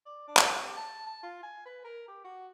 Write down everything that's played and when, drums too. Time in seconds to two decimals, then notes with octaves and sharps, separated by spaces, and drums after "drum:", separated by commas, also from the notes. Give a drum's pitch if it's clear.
0.06 D5
0.28 D4
0.37 drum: clap
0.63 G4
0.77 A5
1.07 A5
1.23 F4
1.43 G#5
1.65 B4
1.84 A#4
2.08 G4
2.24 F#4